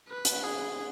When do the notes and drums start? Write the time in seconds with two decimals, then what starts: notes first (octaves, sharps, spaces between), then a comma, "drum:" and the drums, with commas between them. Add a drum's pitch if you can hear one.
0.08 B4
0.25 drum: hi-hat
0.44 G#4